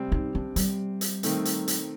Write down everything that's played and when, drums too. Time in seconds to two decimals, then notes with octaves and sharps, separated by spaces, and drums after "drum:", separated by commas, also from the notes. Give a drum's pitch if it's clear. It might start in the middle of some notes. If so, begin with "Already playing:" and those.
Already playing: C3 G3 C4
0.12 D#4
0.35 D4
0.56 G3, drum: hi-hat
1.01 drum: hi-hat
1.23 D#3 A3 C4 D#4, drum: hi-hat
1.45 drum: hi-hat
1.68 drum: hi-hat